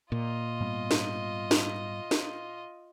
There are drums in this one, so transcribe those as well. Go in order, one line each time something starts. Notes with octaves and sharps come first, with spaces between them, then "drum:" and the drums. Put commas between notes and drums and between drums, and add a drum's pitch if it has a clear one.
A#2 F4 D#5
G#2 G3 B3
drum: snare
drum: snare
drum: snare